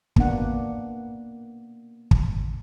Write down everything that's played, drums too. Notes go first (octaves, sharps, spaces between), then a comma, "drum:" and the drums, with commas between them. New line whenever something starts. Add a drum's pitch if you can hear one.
A#3 B3 D4 F#5, drum: kick
drum: kick